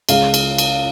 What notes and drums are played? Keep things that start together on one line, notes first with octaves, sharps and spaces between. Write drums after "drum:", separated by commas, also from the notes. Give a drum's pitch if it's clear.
C#2 C#3 G#3 F5, drum: cymbal
drum: cymbal
drum: cymbal